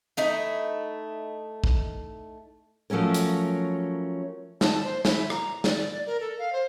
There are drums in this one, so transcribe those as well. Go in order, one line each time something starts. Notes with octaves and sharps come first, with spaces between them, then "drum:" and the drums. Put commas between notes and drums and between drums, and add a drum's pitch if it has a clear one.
A3 D#4 E4
drum: kick
F3 F#3 A3 C#4 A#4
drum: hi-hat
A5, drum: snare
C5
E4, drum: snare
A#5, drum: rim click
D5, drum: snare
D5
A#4
A4
F5
C5